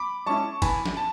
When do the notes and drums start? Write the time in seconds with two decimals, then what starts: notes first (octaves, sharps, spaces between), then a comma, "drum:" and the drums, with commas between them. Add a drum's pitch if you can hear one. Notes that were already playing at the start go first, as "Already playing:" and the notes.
Already playing: B5 D6
0.26 G#3 C#4 E4 A5 C#6
0.62 E3 G#5 B5, drum: kick G#1, cymbal
0.86 drum: snare
0.97 A5